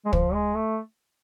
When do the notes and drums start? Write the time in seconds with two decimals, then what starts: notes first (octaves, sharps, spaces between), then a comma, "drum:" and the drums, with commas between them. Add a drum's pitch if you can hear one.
0.05 G#3
0.13 F3, drum: kick
0.33 G#3
0.55 A3